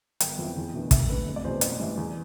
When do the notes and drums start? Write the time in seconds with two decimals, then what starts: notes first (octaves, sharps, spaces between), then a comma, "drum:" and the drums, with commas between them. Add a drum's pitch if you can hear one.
0.20 G1 G5, drum: hi-hat
0.38 F2 E3
0.57 E2
0.73 B2 A3 D4
0.91 E1 E5, drum: kick, hi-hat
1.09 D2 D3 B4
1.27 F1
1.36 D5
1.44 E2 B2 C5
1.61 A1 D5, drum: hi-hat
1.79 G2 E3
1.97 E2